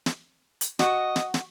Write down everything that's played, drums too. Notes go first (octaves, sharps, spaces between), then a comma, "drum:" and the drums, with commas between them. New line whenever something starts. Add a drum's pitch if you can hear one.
drum: snare
drum: hi-hat
F#4 D#5 C#6, drum: snare
drum: snare
drum: snare